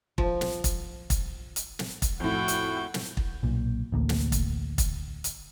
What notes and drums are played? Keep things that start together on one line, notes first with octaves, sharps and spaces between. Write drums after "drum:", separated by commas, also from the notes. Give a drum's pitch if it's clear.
F3, drum: kick
drum: snare
drum: kick, hi-hat
drum: kick, hi-hat
drum: hi-hat
drum: snare
drum: kick, hi-hat
F2 A2 F#4 G5
drum: hi-hat
drum: snare
drum: kick
B1 A#2
A1 D2 A#3
drum: snare
drum: kick, hi-hat
drum: kick, hi-hat
drum: hi-hat